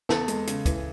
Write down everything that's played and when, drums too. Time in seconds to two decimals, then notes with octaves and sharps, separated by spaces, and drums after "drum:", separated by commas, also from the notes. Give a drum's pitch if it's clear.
0.09 E2 A4, drum: snare
0.28 G#3, drum: hi-hat
0.47 C#3, drum: hi-hat
0.66 E3, drum: kick, hi-hat